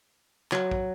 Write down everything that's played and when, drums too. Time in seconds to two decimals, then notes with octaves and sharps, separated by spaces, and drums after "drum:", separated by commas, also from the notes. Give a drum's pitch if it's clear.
0.52 F#3, drum: clap
0.71 drum: kick A#1